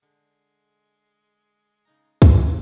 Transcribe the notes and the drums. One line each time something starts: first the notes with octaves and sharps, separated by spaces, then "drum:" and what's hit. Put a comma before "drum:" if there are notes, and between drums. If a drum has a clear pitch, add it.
D3 G#3
C#3 D#4 A#5
drum: kick